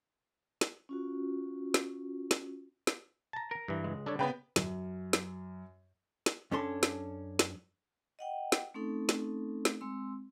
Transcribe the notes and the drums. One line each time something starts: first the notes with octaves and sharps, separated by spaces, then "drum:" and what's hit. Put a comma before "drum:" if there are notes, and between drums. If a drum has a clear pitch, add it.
drum: snare
C#4 F4 F#4
drum: snare
drum: snare
drum: snare
A5 A#5
A#4
G2 E3
C#2 G#3
D3 G3 D4 A4 C#5
C#3 B3 B4 G5
F#2, drum: snare
drum: snare
drum: snare
F#2 C#4 D4 A4 C6
drum: snare
drum: snare
D#5 F#5 G5
drum: snare
A3 C4 C#4 D#4 A4
drum: snare
drum: snare
G#3 C4 C6 E6